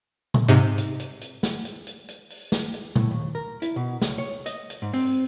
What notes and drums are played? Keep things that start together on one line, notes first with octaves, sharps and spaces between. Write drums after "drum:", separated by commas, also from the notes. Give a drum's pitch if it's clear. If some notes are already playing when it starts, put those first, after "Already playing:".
drum: tom A#2
G#2 C3
drum: hi-hat
drum: hi-hat
drum: hi-hat
drum: snare
drum: hi-hat
drum: hi-hat
drum: hi-hat
drum: open hi-hat
drum: snare
drum: hi-hat
A2, drum: tom A#2
D#2
A#4
E4, drum: hi-hat
B2
C#2, drum: snare
C#5
D#5, drum: hi-hat
drum: hi-hat
G#2
C4, drum: open hi-hat